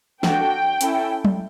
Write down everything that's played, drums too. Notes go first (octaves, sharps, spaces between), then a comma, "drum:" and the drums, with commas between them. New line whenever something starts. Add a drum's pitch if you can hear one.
D4 F#4 A4 G5, drum: snare
C#4 E4 A4, drum: hi-hat
drum: tom F#3